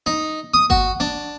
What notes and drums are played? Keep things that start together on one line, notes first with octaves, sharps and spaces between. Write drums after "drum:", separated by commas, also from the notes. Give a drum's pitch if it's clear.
D#4
D#6
F#4, drum: kick G1
D4